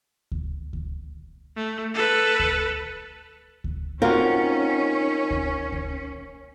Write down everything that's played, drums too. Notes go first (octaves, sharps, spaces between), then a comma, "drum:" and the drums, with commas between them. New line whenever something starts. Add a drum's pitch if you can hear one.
drum: kick D2
drum: kick D2
A3
A4 B4
drum: kick D2
drum: kick D2
A#3 C4 C#4 D#4 F4 F#4 A#4
drum: kick D2
drum: kick D2